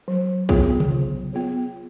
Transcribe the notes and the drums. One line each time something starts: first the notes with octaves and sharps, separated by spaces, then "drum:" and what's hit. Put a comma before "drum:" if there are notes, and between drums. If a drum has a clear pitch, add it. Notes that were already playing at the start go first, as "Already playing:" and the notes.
F#3
B3 F4 G#4 C#5, drum: kick A#1
drum: tom C3
F#3
B3 F4 G#4 C#5